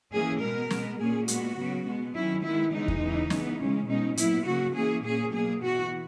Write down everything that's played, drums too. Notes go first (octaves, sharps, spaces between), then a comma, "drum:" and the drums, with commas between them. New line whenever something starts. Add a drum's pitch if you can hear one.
E3 A#3 C#4 G#4
B2 G#3 B3 A#4
B2 G#3 B3, drum: snare
A#2 A#3 C#4 G#4
A#2 G#3 B3 F#4, drum: hi-hat
C#3 F#3 B3
B2 G#3 B3
D#3 F#3 C#4 E4
D#3 G#3 B3 E4
C#3 E3 G#3 B3 D#4
drum: kick E2
C#3 E3 B3
E3 G#3 B3, drum: snare
C#3 G#3 C#4
B2 G#3 C#4 D#4
A#2 F#3 B3 E4, drum: hi-hat
C#3 F#3 A#3 F#4
E3 A#3 C#4 G#4
A#2 A#3 C#4 G#4
B2 F#3 A#3 G#4
E3 B3 F#4